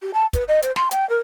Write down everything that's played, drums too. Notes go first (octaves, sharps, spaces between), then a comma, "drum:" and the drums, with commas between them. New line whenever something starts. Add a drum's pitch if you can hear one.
G4
A5
B4, drum: kick, hi-hat
D#5
C5, drum: hi-hat
C6, drum: snare
G5, drum: hi-hat
A#4